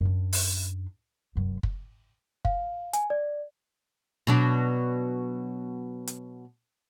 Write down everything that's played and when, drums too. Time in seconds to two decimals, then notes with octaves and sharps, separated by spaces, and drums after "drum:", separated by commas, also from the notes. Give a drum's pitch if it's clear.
0.01 F#2 D4
0.33 drum: open hi-hat
1.35 F1 F#2
1.63 drum: kick
2.45 F5, drum: kick
2.93 G#5, drum: hi-hat
3.10 D5
4.27 B2 F#3 D4
6.07 drum: hi-hat